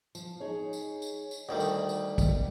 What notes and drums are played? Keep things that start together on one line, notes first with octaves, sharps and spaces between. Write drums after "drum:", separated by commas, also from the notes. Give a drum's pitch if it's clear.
F3, drum: tambourine
D#4 G#4 C#5
drum: tambourine
drum: tambourine
drum: tambourine
D2 D#3 G3 D5 E5 A5
drum: tambourine
drum: tambourine
drum: kick, tambourine